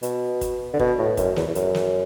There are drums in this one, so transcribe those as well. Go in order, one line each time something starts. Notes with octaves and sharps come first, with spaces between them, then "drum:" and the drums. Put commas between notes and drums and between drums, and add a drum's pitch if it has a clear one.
B2, drum: hi-hat
drum: kick, hi-hat
D3
B2, drum: kick
A2
F#2, drum: kick, hi-hat
E2, drum: snare
E2
F#2, drum: hi-hat
drum: snare